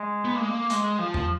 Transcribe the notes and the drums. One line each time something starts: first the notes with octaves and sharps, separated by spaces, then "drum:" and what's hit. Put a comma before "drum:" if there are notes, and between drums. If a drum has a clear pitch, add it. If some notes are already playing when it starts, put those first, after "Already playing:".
Already playing: G#3
B3
A#3
G#3
A#3
G#3, drum: hi-hat
F3
drum: tom E2